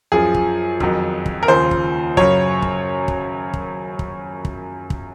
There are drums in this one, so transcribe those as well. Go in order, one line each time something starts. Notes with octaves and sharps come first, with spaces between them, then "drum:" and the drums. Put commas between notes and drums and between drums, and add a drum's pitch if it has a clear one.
F#2 F3 G#4
drum: kick
F2 D#3 F#3, drum: kick
drum: kick
A#4
D#2 C#3 F3 C5
drum: kick
F#2 C#3 F#3 C#5, drum: kick
drum: kick
drum: kick
drum: kick
drum: kick
drum: kick
drum: kick